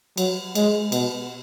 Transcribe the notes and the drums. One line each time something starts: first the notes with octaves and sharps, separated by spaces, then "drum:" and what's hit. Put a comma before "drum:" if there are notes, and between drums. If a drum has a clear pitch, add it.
F#3, drum: cymbal
G#3, drum: cymbal
B2, drum: cymbal